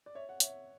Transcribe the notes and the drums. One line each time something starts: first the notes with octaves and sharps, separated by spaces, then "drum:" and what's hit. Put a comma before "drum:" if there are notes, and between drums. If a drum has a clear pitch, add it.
D5
C#5 E5
F#5
C#5 E5, drum: hi-hat